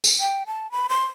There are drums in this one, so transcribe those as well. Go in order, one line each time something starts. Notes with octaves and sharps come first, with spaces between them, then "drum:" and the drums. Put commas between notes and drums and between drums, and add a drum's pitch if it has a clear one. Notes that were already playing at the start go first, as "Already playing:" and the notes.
drum: tambourine
G5
A5
B5
C6